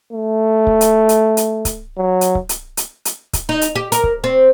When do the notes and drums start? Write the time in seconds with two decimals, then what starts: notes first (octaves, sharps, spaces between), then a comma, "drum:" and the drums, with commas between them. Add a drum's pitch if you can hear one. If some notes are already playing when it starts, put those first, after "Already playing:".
0.13 A3
0.67 drum: kick C#1
0.81 drum: hi-hat
1.09 drum: hi-hat
1.37 drum: hi-hat
1.65 drum: kick C#1, hi-hat
1.97 F#3
2.21 drum: hi-hat
2.35 drum: kick C#1
2.49 drum: hi-hat
2.77 drum: hi-hat
3.05 drum: hi-hat
3.33 drum: kick C#1, hi-hat
3.49 D#4
3.61 drum: hi-hat
3.75 G4
3.92 A#4, drum: hi-hat
4.04 drum: kick C#1
4.24 C4